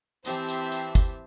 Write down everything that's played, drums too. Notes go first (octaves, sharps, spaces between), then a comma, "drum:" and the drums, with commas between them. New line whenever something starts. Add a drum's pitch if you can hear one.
E3 C4 G4 C5 E5 A5, drum: tambourine
drum: tambourine
drum: tambourine
drum: kick, tambourine